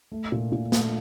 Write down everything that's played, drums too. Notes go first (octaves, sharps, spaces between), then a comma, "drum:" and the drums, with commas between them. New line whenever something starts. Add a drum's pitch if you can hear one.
A3
A#2
A#2
A3, drum: snare